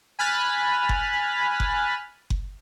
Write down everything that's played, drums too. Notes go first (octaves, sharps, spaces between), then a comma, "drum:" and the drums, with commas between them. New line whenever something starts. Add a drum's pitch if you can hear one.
G#5 B5 F6 F#6 A6 B6
drum: kick F#1
drum: kick F#1
drum: kick F#1